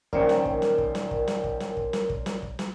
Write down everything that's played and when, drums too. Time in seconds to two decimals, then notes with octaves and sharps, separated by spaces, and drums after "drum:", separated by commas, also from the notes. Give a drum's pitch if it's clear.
0.13 A#1 D#3 C#4 A#4 C5 D5 C#7, drum: kick
0.29 drum: snare
0.45 drum: kick
0.62 drum: snare
0.78 drum: kick
0.95 drum: snare
1.11 drum: kick
1.28 drum: snare
1.44 drum: kick
1.60 drum: snare
1.77 drum: kick
1.93 drum: snare
2.10 drum: kick
2.26 drum: snare
2.42 drum: kick
2.59 drum: snare